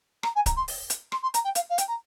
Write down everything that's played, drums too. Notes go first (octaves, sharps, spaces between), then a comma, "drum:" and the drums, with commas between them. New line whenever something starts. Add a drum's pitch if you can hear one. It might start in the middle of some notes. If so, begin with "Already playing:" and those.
A#5, drum: rim click
G#5
A#5, drum: kick C#1, hi-hat
C6
drum: open hi-hat
drum: hi-hat
C6, drum: rim click
C6
A#5, drum: hi-hat
G5
F5, drum: hi-hat
F5
G5, drum: hi-hat
A#5